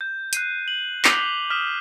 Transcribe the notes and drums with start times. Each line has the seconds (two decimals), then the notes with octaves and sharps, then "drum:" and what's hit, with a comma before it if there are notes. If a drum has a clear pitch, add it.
0.01 G6
0.33 F#6 C7 D#7, drum: hi-hat
0.68 F#7
1.05 D6 G6 B6 C7 F7 G7, drum: clap
1.50 D#6 F6 B6 E7 G7